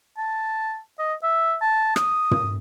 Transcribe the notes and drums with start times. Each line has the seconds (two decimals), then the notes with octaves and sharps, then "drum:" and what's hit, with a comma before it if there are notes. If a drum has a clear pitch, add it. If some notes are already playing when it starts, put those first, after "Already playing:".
0.18 A5
0.99 D#5
1.23 E5
1.62 A5
1.96 D#6, drum: rim click
2.31 drum: tom